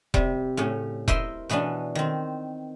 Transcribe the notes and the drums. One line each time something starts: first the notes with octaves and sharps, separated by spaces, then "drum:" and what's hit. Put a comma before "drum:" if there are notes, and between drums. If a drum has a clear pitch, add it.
C3 G3, drum: kick E1
A2 C#3 C#4
E4 A#4 C5 D#5 E5 C6, drum: kick E1
B2 E3 B3 C#4 D4
D#3 C4